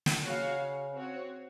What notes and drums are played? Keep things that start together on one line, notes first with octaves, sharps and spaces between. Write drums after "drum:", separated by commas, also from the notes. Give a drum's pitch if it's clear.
drum: snare
C#3 F#4 C#5 F5
C4 F#4 C#5